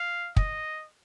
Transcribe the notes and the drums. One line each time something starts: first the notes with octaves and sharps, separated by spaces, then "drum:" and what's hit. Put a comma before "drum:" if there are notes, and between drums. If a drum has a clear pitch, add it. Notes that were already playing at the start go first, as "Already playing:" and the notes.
Already playing: F5
D#5, drum: kick